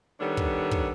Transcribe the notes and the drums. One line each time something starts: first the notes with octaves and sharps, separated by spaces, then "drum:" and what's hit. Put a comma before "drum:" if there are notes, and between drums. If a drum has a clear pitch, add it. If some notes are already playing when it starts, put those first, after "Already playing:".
D#3 G3 B3 D4 A4 C#5
drum: kick
drum: kick